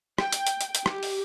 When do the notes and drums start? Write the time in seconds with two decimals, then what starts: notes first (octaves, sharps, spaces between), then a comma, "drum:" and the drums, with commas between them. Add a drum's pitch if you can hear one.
0.18 G5, drum: rim click
0.32 drum: hi-hat
0.47 drum: hi-hat
0.61 drum: hi-hat
0.75 drum: hi-hat
0.86 G4, drum: rim click
1.03 drum: open hi-hat